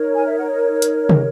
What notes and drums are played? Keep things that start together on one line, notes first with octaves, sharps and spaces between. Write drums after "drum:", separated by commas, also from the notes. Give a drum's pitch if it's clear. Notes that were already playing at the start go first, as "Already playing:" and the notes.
Already playing: D#4 A#4 C#5
G#5
E5
F#5
D#5
drum: hi-hat
D#5, drum: tom